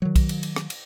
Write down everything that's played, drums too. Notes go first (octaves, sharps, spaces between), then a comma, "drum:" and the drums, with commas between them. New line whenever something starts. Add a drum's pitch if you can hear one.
D#3 F#3
drum: kick, cymbal
drum: cymbal
drum: cymbal
drum: rim click
drum: cymbal